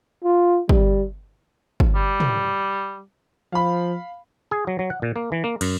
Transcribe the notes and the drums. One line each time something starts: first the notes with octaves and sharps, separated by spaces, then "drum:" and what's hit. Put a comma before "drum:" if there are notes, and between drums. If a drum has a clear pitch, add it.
F4
G3, drum: kick
drum: kick
G3
drum: tom
F3 F5 B5
G#4
F#3
F#3
F#5
A#2
A#3
E3
A#3
F#2, drum: cymbal